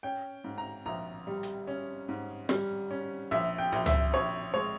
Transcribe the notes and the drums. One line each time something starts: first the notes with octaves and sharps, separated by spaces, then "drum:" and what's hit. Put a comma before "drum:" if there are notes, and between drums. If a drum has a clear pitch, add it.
C#4 G5
G#2
A#5
A#1 A#5
G3
drum: hi-hat
C#4
G#2
G3, drum: snare
C#4
A#1 E5
G5
A#1
E5, drum: tom C#2
A#1 C#5
G#3 C#5